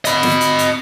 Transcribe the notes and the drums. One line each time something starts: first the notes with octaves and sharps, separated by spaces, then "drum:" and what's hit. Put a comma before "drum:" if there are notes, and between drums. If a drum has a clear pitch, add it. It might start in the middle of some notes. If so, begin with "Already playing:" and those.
D#5 B5, drum: hi-hat
drum: snare
drum: hi-hat
drum: hi-hat